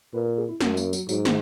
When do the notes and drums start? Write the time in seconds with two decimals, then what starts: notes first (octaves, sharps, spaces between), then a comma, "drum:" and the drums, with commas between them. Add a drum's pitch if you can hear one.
0.14 A#2 B4
0.26 A#4
0.38 G#4
0.49 E4
0.61 F#2 C#4, drum: snare
0.77 A#3, drum: tambourine
0.93 F#3, drum: tambourine
1.09 G#2 F#3, drum: tambourine
1.25 D#3, drum: snare